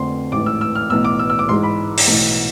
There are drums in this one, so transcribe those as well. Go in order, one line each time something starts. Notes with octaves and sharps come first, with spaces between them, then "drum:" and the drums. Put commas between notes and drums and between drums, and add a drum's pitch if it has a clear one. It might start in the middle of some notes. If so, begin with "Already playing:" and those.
Already playing: F2 D3 A3 C4 C6
A1 G#2 E3 A3 D6
E6
E6
F6
B1 A2 E3 B3 E6
D6
E6
E6
D6
G#2 E3 G#3 C6
B5
drum: open hi-hat
B1 A2 E3 B3